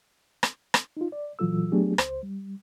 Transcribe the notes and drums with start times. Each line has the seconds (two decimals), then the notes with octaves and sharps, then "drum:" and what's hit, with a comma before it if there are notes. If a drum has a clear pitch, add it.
0.43 drum: rim click
0.74 drum: rim click
0.97 D#4 F4
1.12 D5
1.39 A#2 E3 F#3 F4 A4 E6
1.72 F#3 A3 B3 D4 G4 G#4
1.98 C#2 C5, drum: rim click
2.23 G3